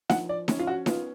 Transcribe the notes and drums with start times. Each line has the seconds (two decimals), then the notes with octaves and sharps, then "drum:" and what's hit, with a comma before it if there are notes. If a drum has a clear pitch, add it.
0.10 F3 F#5, drum: snare D#4
0.29 D5
0.48 C#4, drum: snare D#4
0.59 F4
0.67 F#4
0.86 B3 F4, drum: snare D#4